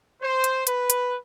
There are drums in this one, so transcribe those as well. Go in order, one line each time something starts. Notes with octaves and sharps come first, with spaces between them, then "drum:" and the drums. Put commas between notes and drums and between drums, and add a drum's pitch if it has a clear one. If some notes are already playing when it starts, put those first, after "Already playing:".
C5
drum: hi-hat
B4, drum: hi-hat
drum: hi-hat